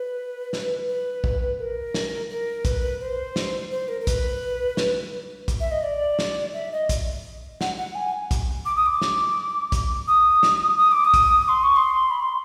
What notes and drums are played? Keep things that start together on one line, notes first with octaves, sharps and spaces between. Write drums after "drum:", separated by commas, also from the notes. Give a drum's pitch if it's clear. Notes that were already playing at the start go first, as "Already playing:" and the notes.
Already playing: B4
drum: snare
B4
drum: kick
A#4
drum: snare
A#4
B4, drum: kick, hi-hat
C5
drum: snare
C5
A#4
A#4
B4, drum: kick, hi-hat
drum: snare
drum: kick, hi-hat
E5
D#5
D5
drum: snare
E5
D#5
drum: kick, hi-hat
F#5, drum: snare
F#5
G#5
drum: kick, hi-hat
D6
D#6
D6
drum: snare
drum: kick, hi-hat
D#6
drum: snare
D#6
D6
D#6
drum: kick, hi-hat
C6
C#6
C6
B5
C6